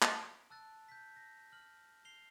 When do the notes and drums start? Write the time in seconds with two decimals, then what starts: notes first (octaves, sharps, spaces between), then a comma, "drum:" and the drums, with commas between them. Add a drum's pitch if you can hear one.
0.02 drum: clap
0.21 D7
0.50 A5 E6 F#6 A6
0.89 G6 B6
1.16 A#6
1.52 F6 F#7
2.05 C7 F7 G7